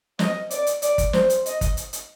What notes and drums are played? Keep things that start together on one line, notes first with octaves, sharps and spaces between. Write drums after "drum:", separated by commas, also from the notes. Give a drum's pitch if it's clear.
D#5, drum: snare
D5, drum: hi-hat
drum: hi-hat
D5, drum: hi-hat
drum: kick, hi-hat
C5, drum: snare
drum: hi-hat
D#5, drum: hi-hat
drum: kick, hi-hat
drum: hi-hat
drum: hi-hat